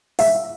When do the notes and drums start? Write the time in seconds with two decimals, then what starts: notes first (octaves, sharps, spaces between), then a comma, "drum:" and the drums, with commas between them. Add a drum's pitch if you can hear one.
0.19 E5, drum: open hi-hat